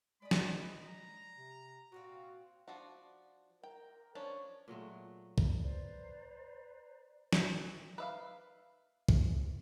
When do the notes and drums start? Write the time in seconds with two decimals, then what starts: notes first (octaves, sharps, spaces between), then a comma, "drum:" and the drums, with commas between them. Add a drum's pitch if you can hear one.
0.22 G#3 D5 D#5 B5
0.31 drum: snare
0.84 A#5
1.36 C3
1.92 A#2 C4 F#4 F5
2.68 F3 D4 F#4
3.64 A#4 G5
4.15 F3 C#4 D4 C#5
4.68 A#2 F#3 G#3 A3
5.38 drum: kick
5.61 B4 C5 D5 A#5
7.33 drum: snare
7.98 B4 E5 F5
9.09 drum: kick